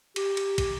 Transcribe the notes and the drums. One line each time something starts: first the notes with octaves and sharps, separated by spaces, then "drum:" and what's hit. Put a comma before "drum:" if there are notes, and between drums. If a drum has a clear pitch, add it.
G4, drum: cymbal
drum: cymbal
drum: kick, cymbal